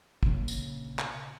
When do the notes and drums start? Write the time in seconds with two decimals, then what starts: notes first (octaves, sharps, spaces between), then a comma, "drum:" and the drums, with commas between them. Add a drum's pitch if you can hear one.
0.23 A#1 C#3, drum: kick
0.48 drum: tambourine
0.99 drum: clap